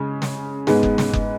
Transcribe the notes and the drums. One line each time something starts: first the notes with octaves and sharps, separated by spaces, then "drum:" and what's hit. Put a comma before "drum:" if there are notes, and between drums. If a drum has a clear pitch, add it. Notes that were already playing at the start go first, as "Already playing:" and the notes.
Already playing: C#3 G#3 C#4
drum: snare
G#2 G#3 B3, drum: snare
drum: kick F#1
drum: snare
drum: kick F#1